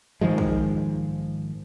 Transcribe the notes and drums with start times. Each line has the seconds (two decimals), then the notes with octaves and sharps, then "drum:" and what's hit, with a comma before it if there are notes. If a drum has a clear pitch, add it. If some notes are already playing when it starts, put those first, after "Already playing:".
0.21 G#2 D#3 F3 G#3
0.38 drum: kick